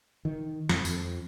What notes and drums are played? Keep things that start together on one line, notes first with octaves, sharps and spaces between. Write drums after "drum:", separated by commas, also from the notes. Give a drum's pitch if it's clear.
D#3
F2, drum: snare
F2, drum: tambourine